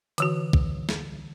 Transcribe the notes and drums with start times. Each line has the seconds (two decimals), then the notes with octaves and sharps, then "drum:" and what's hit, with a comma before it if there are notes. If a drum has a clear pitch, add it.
0.18 D3 E3 F#4, drum: hi-hat
0.53 drum: kick B1
0.89 drum: snare